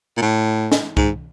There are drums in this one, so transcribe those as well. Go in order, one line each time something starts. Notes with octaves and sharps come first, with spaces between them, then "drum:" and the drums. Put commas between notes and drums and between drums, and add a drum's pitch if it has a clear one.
A#2
A2
drum: snare
G#2, drum: kick C2